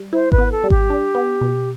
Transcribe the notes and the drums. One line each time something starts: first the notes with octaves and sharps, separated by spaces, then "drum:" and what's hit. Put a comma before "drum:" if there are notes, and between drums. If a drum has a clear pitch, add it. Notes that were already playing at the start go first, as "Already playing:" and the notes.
Already playing: G3
E4 C5
B4, drum: kick G#1
B3
A4
G3
G4, drum: kick G#1
D4
B3
B2